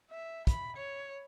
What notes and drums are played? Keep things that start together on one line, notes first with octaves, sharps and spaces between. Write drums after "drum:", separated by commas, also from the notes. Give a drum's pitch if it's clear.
E5
B5, drum: kick, hi-hat
C#5